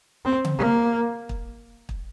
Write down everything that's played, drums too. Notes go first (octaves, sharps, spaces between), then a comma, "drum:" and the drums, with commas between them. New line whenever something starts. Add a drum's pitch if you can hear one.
C4
drum: tom C#3
A#3
drum: kick
drum: kick